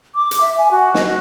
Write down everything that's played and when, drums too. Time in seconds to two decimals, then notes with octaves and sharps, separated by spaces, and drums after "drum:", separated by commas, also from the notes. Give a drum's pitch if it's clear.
0.15 D6
0.31 drum: hi-hat
0.41 E5
0.58 G#5
0.71 F#4
0.94 D#5, drum: snare
1.07 F#4